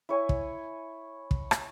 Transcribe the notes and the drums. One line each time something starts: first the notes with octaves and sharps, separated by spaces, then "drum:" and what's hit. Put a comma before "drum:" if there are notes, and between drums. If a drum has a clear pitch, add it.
E4 C#5 G#5
drum: kick
drum: kick
drum: rim click